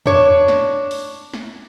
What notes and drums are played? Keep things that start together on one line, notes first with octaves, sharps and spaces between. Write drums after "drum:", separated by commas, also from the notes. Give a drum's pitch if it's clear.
D4 C#5, drum: tom
drum: snare
drum: open hi-hat
drum: snare